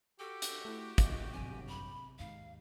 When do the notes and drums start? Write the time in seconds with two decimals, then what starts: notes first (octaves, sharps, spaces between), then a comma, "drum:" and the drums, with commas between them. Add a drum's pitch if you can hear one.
0.19 F#4 G4 A4
0.42 drum: hi-hat
0.65 A3 E4
0.98 F4 D#5, drum: kick, hi-hat
1.33 G1 F#2 C3 G#5
1.69 B5
2.19 D#2 G#2 F5